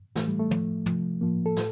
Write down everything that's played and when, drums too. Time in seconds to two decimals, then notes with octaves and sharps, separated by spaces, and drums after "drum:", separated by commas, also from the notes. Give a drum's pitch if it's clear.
0.15 A2 E3 A3, drum: snare
0.28 G3
0.39 A3
0.51 A2 F3, drum: tom
0.86 C3 F3, drum: tom
1.21 A2 F3 A#3
1.46 A4
1.56 A2, drum: snare